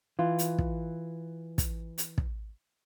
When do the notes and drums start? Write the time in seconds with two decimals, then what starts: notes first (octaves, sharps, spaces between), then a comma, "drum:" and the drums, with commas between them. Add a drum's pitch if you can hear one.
0.19 E3 F4
0.39 drum: hi-hat
0.58 drum: kick
1.58 drum: kick, hi-hat
1.98 drum: hi-hat
2.18 drum: kick